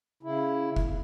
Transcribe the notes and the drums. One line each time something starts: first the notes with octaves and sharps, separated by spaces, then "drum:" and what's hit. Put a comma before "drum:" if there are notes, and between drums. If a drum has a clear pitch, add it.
C#3 E4
drum: kick F#1